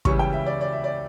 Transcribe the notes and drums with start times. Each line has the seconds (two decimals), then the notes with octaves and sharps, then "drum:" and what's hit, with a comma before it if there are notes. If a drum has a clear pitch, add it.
0.05 C#2 C#3 E3 G3 C#6, drum: kick
0.19 G5
0.33 E5
0.46 D5
0.61 D5
0.72 E5
0.84 D5